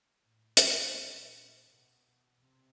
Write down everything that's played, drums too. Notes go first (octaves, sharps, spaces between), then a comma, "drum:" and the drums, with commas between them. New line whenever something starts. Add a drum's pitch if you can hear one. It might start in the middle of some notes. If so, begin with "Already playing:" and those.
A2
A2, drum: hi-hat
A#2
B2
C3